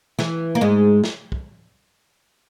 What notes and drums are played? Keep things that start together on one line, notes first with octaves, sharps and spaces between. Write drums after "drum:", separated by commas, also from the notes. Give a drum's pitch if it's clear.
E3, drum: snare
A#3
G#2 G#3
drum: snare
drum: kick